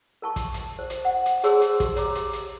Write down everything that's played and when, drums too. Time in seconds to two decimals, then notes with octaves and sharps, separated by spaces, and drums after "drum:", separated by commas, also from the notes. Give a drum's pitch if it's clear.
0.22 A#4 A5 C#6
0.36 drum: kick, hi-hat
0.54 drum: hi-hat
0.79 C5
0.90 drum: hi-hat
1.05 F#5
1.26 drum: hi-hat
1.44 G#4 C5 C#5 A5 C6 E6, drum: hi-hat
1.61 drum: hi-hat
1.80 G4, drum: kick, hi-hat
1.96 C#5 A#5 D6, drum: hi-hat
2.15 drum: hi-hat
2.33 drum: hi-hat